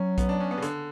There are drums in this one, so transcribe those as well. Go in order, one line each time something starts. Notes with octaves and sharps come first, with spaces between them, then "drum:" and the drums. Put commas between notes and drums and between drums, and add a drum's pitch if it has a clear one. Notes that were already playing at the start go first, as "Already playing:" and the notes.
Already playing: F#3 C#4
B3, drum: kick B1, hi-hat
D4
C#4
B3
C#3
D3, drum: hi-hat